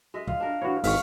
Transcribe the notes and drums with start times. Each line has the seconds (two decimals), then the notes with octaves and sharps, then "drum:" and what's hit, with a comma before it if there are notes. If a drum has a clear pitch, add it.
0.14 G#3 D#5 E5
0.27 F4 F5, drum: kick
0.40 D4 A#4
0.62 G2 E3 F#4 C#5
0.84 G#1 F5 C#6, drum: open hi-hat